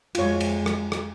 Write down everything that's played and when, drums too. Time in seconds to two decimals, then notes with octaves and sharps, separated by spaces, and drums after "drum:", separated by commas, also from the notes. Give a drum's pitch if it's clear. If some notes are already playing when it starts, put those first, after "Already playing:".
0.15 F2 G#3 F4 C#5, drum: cymbal
0.40 drum: cymbal
0.66 drum: rim click
0.92 drum: rim click